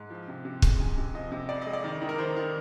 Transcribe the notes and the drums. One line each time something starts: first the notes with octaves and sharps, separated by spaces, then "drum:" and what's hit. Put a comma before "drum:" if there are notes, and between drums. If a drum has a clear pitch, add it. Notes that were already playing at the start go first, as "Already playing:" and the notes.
Already playing: G#2
F3
C3
C3
G#3, drum: kick
C3 G#5
C3
F3 D#5
C3
F2 D5
G#3 D#5
D5
D#3
D#3
A#4
D#3 C5
D#3